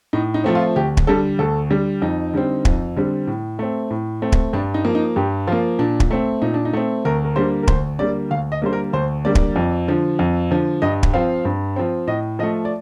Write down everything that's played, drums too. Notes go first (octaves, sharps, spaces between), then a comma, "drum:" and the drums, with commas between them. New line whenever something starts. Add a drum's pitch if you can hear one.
A2 D#4
D#4
F3 A3 C4
F4
D2 G4
drum: kick
D3 G3 A4
D2 A4
D3 G3
F2 D#4
D3 G3 C4
F2, drum: kick
D3 G3 C4
A2
A3 C4
A2
A3 C4
drum: kick
G2 D4
D#4
F3 A#3
D#4
G2 G4
F3 A#3 F4
A#2 D4
drum: kick
A3 C4
A#2 D#4
D4
D#4
A3 C4
D2 A#4
A#4
D3 G3 A#3 C5
A#4
D2 C5, drum: kick
D3 G3 A#3 D5
D2 F5
D#5
D3 G3 A#3 C5
A#4
D2 C5
D3 G3 A#3 D5
drum: kick
F2
D3 F3
F2
D3 F3
G2 D#5
drum: kick
F3 C4 F5
G2
F3 C4
A2 D#5
F3 A3 D#5
D5